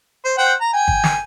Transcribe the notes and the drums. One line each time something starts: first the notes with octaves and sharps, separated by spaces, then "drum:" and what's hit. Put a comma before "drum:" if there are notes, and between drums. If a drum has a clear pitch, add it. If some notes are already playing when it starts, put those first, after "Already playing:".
C5
C5 F#5 G5
A#5
G5 G#5
drum: kick
drum: snare